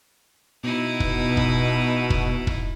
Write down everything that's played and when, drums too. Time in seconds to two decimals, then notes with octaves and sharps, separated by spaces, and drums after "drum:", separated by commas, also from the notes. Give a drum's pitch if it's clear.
0.63 B2 D#4 E4
1.00 drum: kick
1.37 drum: kick
2.10 drum: kick
2.47 drum: kick